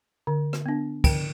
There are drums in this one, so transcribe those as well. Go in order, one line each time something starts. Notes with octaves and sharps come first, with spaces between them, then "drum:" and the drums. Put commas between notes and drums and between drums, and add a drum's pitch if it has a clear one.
D3
drum: rim click
B3 D4
D3 G5, drum: kick, cymbal